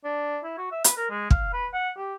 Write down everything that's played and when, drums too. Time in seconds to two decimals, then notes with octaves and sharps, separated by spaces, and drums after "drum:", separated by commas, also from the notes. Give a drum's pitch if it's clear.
0.04 D4
0.44 E4
0.57 F#4
0.72 E5
0.84 B4, drum: hi-hat
0.97 A#4
1.10 G#3
1.30 F5, drum: kick
1.53 B4
1.74 F#5
1.97 G4